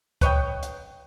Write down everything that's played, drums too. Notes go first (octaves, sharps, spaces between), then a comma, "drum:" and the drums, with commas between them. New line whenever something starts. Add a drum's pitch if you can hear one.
B4 C#5 D#5 G5, drum: kick C#2, hi-hat
drum: hi-hat